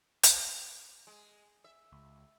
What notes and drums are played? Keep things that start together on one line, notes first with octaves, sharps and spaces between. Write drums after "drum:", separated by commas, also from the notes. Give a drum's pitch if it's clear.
drum: hi-hat
G#3
E5
C#2